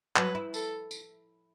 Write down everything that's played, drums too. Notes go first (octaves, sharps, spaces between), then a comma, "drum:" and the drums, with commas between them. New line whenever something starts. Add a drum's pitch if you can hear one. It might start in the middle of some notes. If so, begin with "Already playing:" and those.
F#3 B4, drum: clap
E4
A4, drum: tambourine
drum: tambourine